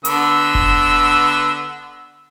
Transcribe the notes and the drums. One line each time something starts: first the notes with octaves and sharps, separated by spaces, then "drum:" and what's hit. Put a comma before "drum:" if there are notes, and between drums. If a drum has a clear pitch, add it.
D3 B3 E6, drum: hi-hat
drum: kick F1